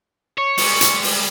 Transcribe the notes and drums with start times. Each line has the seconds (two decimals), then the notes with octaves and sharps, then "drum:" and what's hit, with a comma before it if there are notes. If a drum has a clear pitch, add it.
0.38 C#5 C#6
0.58 G3 G#3, drum: open hi-hat
0.81 drum: hi-hat
1.04 drum: open hi-hat